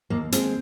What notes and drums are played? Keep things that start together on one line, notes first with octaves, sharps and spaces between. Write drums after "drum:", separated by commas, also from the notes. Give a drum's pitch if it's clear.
D#2 A#3
D#2 G#3 C4, drum: hi-hat